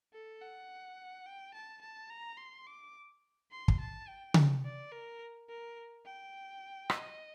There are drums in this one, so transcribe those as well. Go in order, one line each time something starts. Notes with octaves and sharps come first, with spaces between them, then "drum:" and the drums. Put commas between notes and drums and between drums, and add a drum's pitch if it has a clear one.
A4
F#5
G5
A5
A5
A#5
C6
D6
C6
drum: kick
A5
G5
drum: tom C#3
D5
A#4
A#4
G5
D#5, drum: rim click